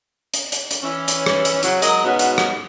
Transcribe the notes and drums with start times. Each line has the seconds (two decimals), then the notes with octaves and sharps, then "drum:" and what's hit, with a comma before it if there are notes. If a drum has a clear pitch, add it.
0.34 drum: hi-hat
0.52 drum: hi-hat
0.71 drum: hi-hat
0.82 E3 C#4
1.08 drum: hi-hat
1.26 drum: rim click
1.45 drum: hi-hat
1.63 C#3 F#3, drum: hi-hat
1.82 F#3 G#3 A#4 D#5, drum: hi-hat
2.04 G#2 B2 B3 C#4 F#4
2.19 drum: hi-hat
2.38 drum: rim click